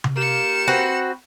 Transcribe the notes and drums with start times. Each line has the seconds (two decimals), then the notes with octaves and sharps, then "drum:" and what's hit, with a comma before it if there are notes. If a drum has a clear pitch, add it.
0.04 drum: tom C3
0.17 A#3 F4 G4 C#7 E7
0.68 C4 F#4 B4